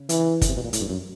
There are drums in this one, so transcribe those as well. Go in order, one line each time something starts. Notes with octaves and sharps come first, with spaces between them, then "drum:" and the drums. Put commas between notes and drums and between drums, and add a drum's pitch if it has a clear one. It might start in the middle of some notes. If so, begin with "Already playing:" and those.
Already playing: C#3
E3, drum: hi-hat
D3, drum: kick, hi-hat
C3
B2
A#2
A2, drum: hi-hat
G2
F#2